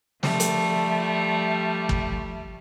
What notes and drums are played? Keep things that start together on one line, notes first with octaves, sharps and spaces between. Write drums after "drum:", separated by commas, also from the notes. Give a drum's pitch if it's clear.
F3 G3 A3, drum: snare
drum: hi-hat
drum: kick